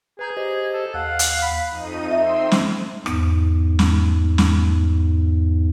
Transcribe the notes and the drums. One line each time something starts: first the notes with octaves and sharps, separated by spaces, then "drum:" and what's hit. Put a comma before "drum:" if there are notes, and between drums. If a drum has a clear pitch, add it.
G#4 B4 A#5 G6
G4 C5 D#5
A4
D#2 F5 F#5
drum: hi-hat
B5
F2 D#4 D#7
C4 E5 C6 E6
drum: snare
E2 G#2, drum: rim click
drum: snare
drum: snare